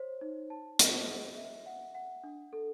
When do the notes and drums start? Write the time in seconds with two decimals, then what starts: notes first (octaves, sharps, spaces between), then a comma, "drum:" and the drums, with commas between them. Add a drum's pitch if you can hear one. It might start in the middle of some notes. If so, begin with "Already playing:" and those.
Already playing: C5 C#5
0.21 D#4
0.50 A5
0.79 D#5, drum: hi-hat
1.08 G#4
1.37 E5
1.66 F#5
1.95 F#5
2.23 D4
2.53 A4